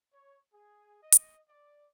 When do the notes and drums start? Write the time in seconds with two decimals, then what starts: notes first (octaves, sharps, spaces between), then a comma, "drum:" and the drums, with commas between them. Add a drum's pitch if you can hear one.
0.13 C#5
0.53 G#4
1.03 D#5
1.12 drum: hi-hat
1.48 D5